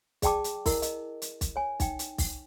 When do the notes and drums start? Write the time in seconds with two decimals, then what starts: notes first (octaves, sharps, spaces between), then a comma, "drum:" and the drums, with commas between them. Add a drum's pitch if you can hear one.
0.22 G#4 D5 G5 A5 D6, drum: kick, hi-hat
0.44 drum: hi-hat
0.66 E4 A#4 D#5, drum: kick, open hi-hat
0.82 D#5, drum: hi-hat
1.22 drum: hi-hat
1.41 drum: kick, hi-hat
1.56 C#5 G#5
1.80 D#4 G5, drum: kick, hi-hat
1.99 drum: hi-hat
2.18 drum: kick, open hi-hat